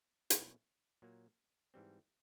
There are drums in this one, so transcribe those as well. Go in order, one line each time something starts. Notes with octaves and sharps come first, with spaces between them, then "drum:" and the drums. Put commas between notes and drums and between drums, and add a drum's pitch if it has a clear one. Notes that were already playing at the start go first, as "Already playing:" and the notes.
B2 F#3 A#3 C#4 E4, drum: hi-hat
A#2 F#3 A#3
G#2 E3 G3 C4